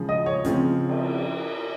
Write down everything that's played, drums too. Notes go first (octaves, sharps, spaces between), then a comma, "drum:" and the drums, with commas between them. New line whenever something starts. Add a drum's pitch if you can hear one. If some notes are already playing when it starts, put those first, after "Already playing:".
Already playing: C#3 F3 G#3
D#5
C#5
C#3 F3 C4, drum: hi-hat
drum: cymbal